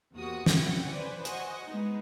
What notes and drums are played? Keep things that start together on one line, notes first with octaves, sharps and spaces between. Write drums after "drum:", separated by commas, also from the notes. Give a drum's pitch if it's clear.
E2 C3 A#3 F#4 D#6
C#4 E4 F#5 G5, drum: snare
B4 C5 D5 G#5
F#4 C5 D#5 F#5 G#5, drum: hi-hat
G#3 B3 D#4